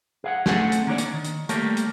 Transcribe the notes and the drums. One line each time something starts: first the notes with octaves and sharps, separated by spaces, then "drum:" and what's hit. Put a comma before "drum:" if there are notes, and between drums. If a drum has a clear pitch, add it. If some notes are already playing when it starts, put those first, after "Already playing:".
G#4 F5 F#5
A3 C4 C#4 G#4 A4 F#5, drum: snare
drum: hi-hat
D#3 A#3 D4 C#5 D5
drum: hi-hat
D#3
drum: hi-hat
G3 A3 A#3 A4 A#4 C#5, drum: hi-hat
drum: hi-hat